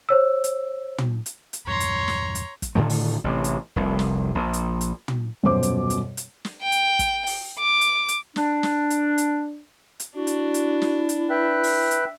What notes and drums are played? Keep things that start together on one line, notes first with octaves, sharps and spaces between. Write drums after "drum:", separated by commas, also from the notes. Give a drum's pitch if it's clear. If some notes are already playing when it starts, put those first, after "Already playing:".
C5 C#5 E6
drum: hi-hat
drum: tom
drum: hi-hat
drum: hi-hat
E2 G2 B2 C#5 A#5 C6
drum: hi-hat
drum: snare
drum: hi-hat
drum: kick, hi-hat
A2 D3 D#3 A3
drum: open hi-hat
A1 C3
drum: hi-hat
F1 C2
drum: snare
A#1
drum: hi-hat
drum: hi-hat
drum: tom
D#1 F#2 B2 C5 D6
drum: hi-hat
drum: hi-hat
drum: hi-hat
drum: snare
G5
drum: hi-hat
drum: kick, hi-hat
drum: open hi-hat
D6
drum: hi-hat
drum: hi-hat
D4, drum: snare
drum: snare
drum: hi-hat
drum: hi-hat
drum: hi-hat
D4 E4 F#4
drum: hi-hat
drum: hi-hat
drum: snare
drum: hi-hat
B4 E5 G5 F#6
drum: open hi-hat
drum: hi-hat